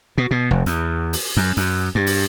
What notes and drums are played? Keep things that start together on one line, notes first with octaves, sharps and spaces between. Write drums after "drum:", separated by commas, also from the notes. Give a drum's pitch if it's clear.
B2
B2
F1
E2, drum: hi-hat
drum: open hi-hat
F#2
F#2, drum: hi-hat
G2
drum: open hi-hat